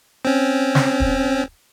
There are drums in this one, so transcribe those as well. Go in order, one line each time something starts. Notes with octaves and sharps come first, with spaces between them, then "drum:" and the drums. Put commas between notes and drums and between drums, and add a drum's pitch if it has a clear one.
C4 C#4
drum: snare
drum: kick